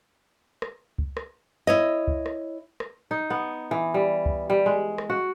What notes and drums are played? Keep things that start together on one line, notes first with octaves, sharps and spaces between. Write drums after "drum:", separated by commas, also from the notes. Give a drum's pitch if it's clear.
drum: rim click
drum: kick C#2
drum: rim click
E4 C#5 D#5
drum: kick C#2
drum: rim click
drum: rim click
D#4
B3
E3
G3
drum: kick C#2
G3
G#3
drum: rim click
F#4